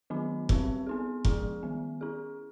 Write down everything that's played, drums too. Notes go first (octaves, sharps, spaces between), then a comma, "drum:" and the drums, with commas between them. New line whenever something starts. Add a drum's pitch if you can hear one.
D#3 F#3 B3 D4 F4
G3 C4 E4 G4 B4, drum: kick F1
B3 D#4 G#4
F3 G#3 C#4 E4 G#4, drum: kick F1
D#3 G3 B3
C#4 E4 G#4